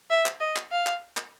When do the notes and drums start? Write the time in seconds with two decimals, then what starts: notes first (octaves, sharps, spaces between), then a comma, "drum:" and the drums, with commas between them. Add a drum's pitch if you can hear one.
0.10 E5
0.26 drum: clap
0.40 D#5
0.56 drum: clap
0.72 F5
0.87 drum: clap
1.17 drum: clap